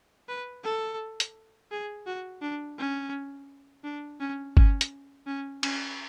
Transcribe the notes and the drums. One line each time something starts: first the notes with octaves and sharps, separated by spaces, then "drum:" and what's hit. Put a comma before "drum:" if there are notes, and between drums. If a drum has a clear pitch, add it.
B4
A4
drum: hi-hat
G#4
F#4
D4
C#4
D4
C#4
C#4, drum: kick G1
drum: hi-hat
C#4
C#4, drum: cymbal